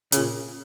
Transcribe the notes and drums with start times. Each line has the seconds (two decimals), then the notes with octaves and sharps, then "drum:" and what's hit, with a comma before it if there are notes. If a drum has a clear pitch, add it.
0.12 A#2 C#3, drum: hi-hat